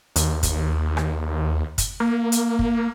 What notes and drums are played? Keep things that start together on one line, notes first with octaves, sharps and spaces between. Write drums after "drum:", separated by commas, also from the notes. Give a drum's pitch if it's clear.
D#2, drum: hi-hat
drum: kick, hi-hat
drum: rim click
drum: kick, hi-hat
A#3
drum: hi-hat
drum: kick